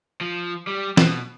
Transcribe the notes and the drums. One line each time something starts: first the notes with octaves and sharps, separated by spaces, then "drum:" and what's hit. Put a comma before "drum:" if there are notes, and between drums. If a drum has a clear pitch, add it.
F3
G3
B2, drum: snare